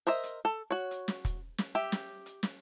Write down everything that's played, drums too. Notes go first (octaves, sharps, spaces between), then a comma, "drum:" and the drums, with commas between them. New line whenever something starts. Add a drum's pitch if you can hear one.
A#4 C5 D#5 E5
drum: hi-hat
A4
F#4 C#5
drum: hi-hat
drum: snare
drum: kick, hi-hat
drum: snare
G4 E5
drum: snare
drum: hi-hat
drum: snare